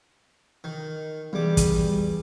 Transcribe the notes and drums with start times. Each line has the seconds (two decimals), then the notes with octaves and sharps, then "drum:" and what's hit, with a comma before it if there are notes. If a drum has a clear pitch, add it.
0.64 D#3
1.33 E2 G3 D6
1.57 drum: kick, hi-hat